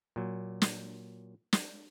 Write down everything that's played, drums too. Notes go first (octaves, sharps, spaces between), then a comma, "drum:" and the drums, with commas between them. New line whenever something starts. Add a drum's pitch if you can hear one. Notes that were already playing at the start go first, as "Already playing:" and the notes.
A#2 F#3
drum: snare
drum: snare